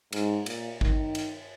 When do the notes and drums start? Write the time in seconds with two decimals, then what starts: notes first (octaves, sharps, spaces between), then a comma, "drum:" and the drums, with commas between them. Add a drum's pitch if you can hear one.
0.13 G#2, drum: cymbal
0.46 A#2, drum: cymbal
0.81 D#3, drum: kick G#1
1.15 drum: cymbal